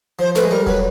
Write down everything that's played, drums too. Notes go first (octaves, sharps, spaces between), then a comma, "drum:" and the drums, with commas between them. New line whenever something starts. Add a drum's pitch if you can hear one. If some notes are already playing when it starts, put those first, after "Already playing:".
F3 C5
A3 B4, drum: snare
G#3
G3 A#4
F#3 B4, drum: kick E1